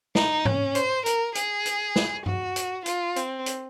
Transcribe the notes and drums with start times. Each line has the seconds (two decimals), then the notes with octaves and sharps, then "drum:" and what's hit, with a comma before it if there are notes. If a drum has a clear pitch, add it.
0.15 D#4, drum: snare
0.45 C#4, drum: tom G#2
0.75 C5, drum: hi-hat
1.06 A#4, drum: hi-hat
1.35 G#4, drum: hi-hat
1.66 drum: hi-hat
1.96 drum: snare
2.26 F#4, drum: tom G2
2.56 drum: hi-hat
2.86 F4, drum: hi-hat
3.16 C4, drum: hi-hat
3.46 drum: hi-hat